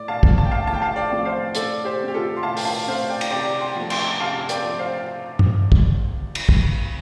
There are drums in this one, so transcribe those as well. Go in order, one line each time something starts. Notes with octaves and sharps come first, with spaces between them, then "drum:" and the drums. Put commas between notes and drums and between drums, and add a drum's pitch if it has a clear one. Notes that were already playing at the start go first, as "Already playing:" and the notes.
Already playing: A2 D5
F5 A5
F3 A3 C4, drum: kick
A5
G5
F5 A5
A2 A5
G5
F5 A5
D5 G5
F3 A3 C4
C5 F5
A2 A4 D5, drum: hi-hat
G4 C5
A3 C4
G4
F4 A4
C6
A2 F5 A5
G5, drum: open hi-hat
F5 A5
A3 C4 C5 F5
D5 G5
drum: cymbal
C3 D5 G5
G5 C6
F3 A3
G5 C6, drum: cymbal
C3 F5 A5
D5 G5, drum: hi-hat
F3 A3
C5 F5
drum: tom
drum: kick
drum: cymbal
drum: kick